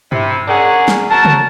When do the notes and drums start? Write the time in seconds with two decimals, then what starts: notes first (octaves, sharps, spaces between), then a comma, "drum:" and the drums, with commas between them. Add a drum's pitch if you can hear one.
0.12 C3 E4, drum: tom G2
0.48 C#4 D4 G#4 A#4 F#5
0.88 drum: snare
1.10 F#3 A#4 A5
1.25 drum: tom C#3